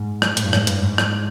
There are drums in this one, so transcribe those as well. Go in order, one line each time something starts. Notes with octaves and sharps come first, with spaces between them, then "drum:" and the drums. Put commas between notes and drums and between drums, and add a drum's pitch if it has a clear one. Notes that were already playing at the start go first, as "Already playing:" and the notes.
Already playing: G#2
drum: rim click
A2, drum: hi-hat
G2
G#2, drum: rim click
G2, drum: hi-hat
G#2
drum: rim click